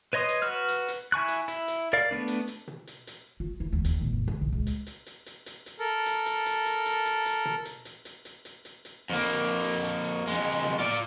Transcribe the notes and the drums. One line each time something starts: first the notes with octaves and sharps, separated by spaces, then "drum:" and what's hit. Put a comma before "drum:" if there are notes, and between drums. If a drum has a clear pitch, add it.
B4 C#5 D#5 C6 D#6
drum: hi-hat
F#4 B4 F6
drum: hi-hat
drum: hi-hat
E4 G#5 C#6 F#6
drum: hi-hat
E4, drum: hi-hat
drum: hi-hat
A#4 D5 F5
A3 B3 D4
drum: hi-hat
drum: hi-hat
drum: tom B2
drum: hi-hat
drum: hi-hat
F4
E4
D#2
D#2, drum: hi-hat
A#2
F#1
D3, drum: tom B2
A#1
C#2
drum: hi-hat
drum: hi-hat
drum: hi-hat
drum: hi-hat
drum: hi-hat
drum: hi-hat
A4 A#4
drum: hi-hat
drum: hi-hat
drum: hi-hat
drum: hi-hat
drum: hi-hat
drum: hi-hat
drum: hi-hat
drum: tom B2
drum: hi-hat
drum: hi-hat
drum: hi-hat
drum: hi-hat
drum: hi-hat
drum: hi-hat
drum: hi-hat
F2 A#3
drum: hi-hat
drum: hi-hat
drum: hi-hat
drum: hi-hat
drum: hi-hat
F2 G#3
drum: tom B2
F4 D5